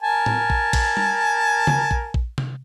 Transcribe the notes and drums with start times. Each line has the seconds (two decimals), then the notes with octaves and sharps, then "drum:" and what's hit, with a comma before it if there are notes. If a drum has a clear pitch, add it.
0.03 A#4 G#5 A5
0.26 drum: tom A2
0.50 drum: kick A#1
0.73 drum: kick A#1, cymbal
0.97 drum: tom G3
1.67 drum: tom C#3
1.91 drum: kick A#1
2.14 drum: kick A#1
2.38 drum: tom C3